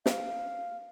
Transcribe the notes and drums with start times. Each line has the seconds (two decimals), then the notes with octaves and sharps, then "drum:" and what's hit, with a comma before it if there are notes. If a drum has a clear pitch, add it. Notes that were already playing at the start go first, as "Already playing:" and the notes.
0.06 F5, drum: snare